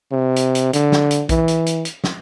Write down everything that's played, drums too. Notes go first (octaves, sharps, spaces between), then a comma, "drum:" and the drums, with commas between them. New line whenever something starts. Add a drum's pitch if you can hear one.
C3
drum: hi-hat
drum: hi-hat
D3, drum: hi-hat
drum: snare
drum: hi-hat
E3, drum: kick A#1, hi-hat
drum: hi-hat
drum: hi-hat
drum: hi-hat
drum: snare